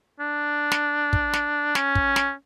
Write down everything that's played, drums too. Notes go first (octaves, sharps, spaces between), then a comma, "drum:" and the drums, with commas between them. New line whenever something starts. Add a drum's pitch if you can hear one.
D4
drum: snare
drum: kick
drum: snare
C#4, drum: snare
drum: kick
drum: snare